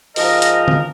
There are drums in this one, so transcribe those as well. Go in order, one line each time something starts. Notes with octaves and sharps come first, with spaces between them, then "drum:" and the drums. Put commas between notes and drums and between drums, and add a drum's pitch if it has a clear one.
G#2 F3 A#4 D#5, drum: open hi-hat
drum: hi-hat
drum: tom D3